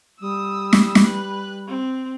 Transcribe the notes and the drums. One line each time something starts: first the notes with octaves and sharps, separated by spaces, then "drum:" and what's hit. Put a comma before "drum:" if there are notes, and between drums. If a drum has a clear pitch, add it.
G3 D#6 E6
drum: snare
drum: snare
B4 F#6
C4